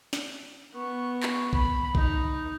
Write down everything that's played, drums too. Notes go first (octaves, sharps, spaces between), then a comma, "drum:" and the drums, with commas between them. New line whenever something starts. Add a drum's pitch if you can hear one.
drum: snare
B3 C#6
drum: clap
B5, drum: kick A#1
D#4, drum: kick A#1